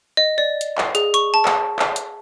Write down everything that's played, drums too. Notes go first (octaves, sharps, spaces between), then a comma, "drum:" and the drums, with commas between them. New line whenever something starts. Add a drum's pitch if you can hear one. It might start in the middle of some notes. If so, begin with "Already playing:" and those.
D#5
D5
drum: hi-hat
drum: clap
G#4, drum: hi-hat
C#6, drum: hi-hat
A5
drum: clap
drum: clap
drum: hi-hat